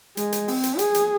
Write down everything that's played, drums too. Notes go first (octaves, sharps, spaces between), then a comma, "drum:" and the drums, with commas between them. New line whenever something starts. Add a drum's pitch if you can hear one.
G#3, drum: hi-hat
drum: hi-hat
C4, drum: open hi-hat
drum: hi-hat
G#4, drum: hi-hat
drum: hi-hat